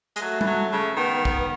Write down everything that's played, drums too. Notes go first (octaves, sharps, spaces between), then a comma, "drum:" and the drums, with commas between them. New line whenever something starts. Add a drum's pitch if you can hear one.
G#3, drum: hi-hat
F#3 A3
E3, drum: tom G3
F#3
C#3
D#3 B3
drum: kick